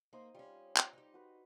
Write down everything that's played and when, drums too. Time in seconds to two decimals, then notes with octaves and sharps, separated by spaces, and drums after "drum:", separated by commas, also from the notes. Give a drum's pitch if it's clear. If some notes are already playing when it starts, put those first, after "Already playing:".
0.13 A#3 D#4 C5 D#6
0.35 G3 C#4 F4
0.77 drum: clap
0.93 D#4 G4
1.14 F#4 B4